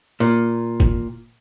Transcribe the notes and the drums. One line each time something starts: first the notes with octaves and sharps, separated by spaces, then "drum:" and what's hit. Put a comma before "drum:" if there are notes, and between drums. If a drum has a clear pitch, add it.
A#2
drum: kick G1